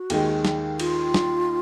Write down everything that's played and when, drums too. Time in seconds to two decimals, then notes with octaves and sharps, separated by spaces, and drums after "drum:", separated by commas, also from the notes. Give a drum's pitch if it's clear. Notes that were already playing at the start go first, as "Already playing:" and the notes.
Already playing: F#4
0.10 D#2 D#3 G#3, drum: cymbal
0.45 drum: snare
0.80 F4, drum: cymbal
1.14 drum: snare